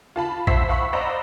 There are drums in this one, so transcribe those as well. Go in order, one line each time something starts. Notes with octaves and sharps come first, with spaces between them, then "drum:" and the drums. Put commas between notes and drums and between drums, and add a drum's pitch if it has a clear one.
F4 A5 B5
C5 E5 F#5 E6 B6 C7, drum: kick A#1
F5 F#5 B5 C#6 E6
C5 D5 D#5 F#5 A#5 B5